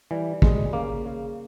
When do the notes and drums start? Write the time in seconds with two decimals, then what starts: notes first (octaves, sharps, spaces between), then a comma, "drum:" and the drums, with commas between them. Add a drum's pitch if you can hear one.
0.11 E3 G3
0.42 G3 G#3, drum: kick
0.73 C#3 A#3
1.05 C#3